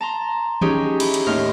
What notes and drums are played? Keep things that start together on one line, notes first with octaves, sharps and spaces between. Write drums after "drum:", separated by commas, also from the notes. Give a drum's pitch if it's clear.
A5 A#5 C6
C#4 D#4 G4 G#4, drum: tom
E4, drum: cymbal
drum: hi-hat
D#2 A2 D#4 C6 F6